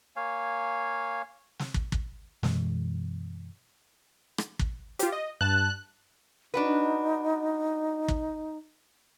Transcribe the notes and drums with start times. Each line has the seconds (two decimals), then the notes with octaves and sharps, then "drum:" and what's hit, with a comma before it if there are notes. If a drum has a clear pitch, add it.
0.16 A#3 C#5 F5 G#5
1.59 drum: snare
1.74 drum: kick
1.92 drum: kick
2.43 F#2 B2 E3 G#3, drum: snare
4.38 drum: rim click
4.59 drum: kick
4.99 F4 G4, drum: hi-hat
5.12 D#5
5.41 G2 A5 F#6
6.54 D4 D#4 F#4 B4
8.08 drum: kick